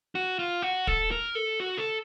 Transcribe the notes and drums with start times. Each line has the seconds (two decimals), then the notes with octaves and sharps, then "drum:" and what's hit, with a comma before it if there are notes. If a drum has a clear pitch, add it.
0.15 F#4
0.39 F4
0.62 F#4
0.87 A4, drum: kick
1.11 A#4
1.35 A4
1.60 F#4
1.77 A4